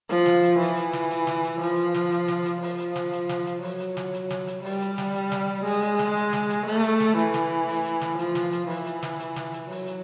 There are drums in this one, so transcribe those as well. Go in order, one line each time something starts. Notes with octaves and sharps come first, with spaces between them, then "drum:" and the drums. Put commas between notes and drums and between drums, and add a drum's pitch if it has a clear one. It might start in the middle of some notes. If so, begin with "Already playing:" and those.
F3, drum: hi-hat
drum: snare
drum: hi-hat
E3, drum: open hi-hat
drum: hi-hat
drum: snare
drum: hi-hat
drum: snare
drum: hi-hat
F3, drum: open hi-hat
drum: snare
drum: hi-hat
drum: snare
drum: hi-hat
F3, drum: open hi-hat
drum: hi-hat
drum: snare
drum: hi-hat
drum: snare
drum: hi-hat
F#3, drum: open hi-hat
drum: hi-hat
drum: snare
drum: hi-hat
drum: snare
drum: hi-hat
G3, drum: open hi-hat
drum: hi-hat
drum: snare
drum: hi-hat
drum: snare
G#3, drum: open hi-hat
drum: hi-hat
drum: snare
drum: hi-hat
drum: snare
drum: hi-hat
A3, drum: open hi-hat
drum: hi-hat
drum: snare
E3, drum: hi-hat
drum: snare
drum: open hi-hat
drum: hi-hat
drum: snare
F3, drum: hi-hat
drum: snare
drum: hi-hat
E3, drum: open hi-hat
drum: hi-hat
drum: snare
drum: hi-hat
drum: snare
drum: hi-hat
F#3, drum: open hi-hat
drum: hi-hat